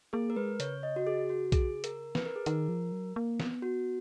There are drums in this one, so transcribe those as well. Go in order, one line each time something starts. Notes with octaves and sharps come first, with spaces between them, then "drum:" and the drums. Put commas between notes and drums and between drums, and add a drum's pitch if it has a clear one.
A#3 G#4
A#4
G#3 B4
C#3 C#5, drum: hi-hat
D#5
F#4
G#4
F#4
G#4, drum: kick B1, hi-hat
A#4, drum: hi-hat
B4, drum: snare
A#4
G#4
D#3 A#4, drum: hi-hat
F3
F#3
A#3
B3, drum: snare
F#4